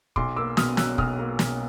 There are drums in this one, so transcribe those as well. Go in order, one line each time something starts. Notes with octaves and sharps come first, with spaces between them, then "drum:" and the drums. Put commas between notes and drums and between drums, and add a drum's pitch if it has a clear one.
B1 C6 D6, drum: kick
A#3 D6 E6
B2 D#6 F6, drum: snare
F#3 E6 F#6, drum: snare
B1 D#6 F6, drum: kick
A#3
B2, drum: snare